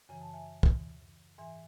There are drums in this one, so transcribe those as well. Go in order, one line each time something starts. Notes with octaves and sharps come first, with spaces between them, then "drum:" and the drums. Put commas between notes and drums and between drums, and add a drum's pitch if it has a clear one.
F#2 C#3 E3 G#5
A5
E5 G#5
drum: kick
G#2 E3 E5 G#5